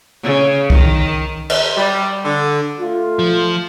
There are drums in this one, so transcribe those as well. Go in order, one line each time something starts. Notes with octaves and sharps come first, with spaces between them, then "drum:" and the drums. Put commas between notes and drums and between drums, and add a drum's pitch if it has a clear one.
C#3
D#3, drum: kick C2
drum: cymbal
G3
D3
A3 F4
F3